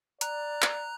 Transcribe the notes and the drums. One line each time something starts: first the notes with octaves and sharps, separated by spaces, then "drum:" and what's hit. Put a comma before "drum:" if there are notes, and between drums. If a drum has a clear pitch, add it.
D5 A#5 F#6, drum: hi-hat
drum: clap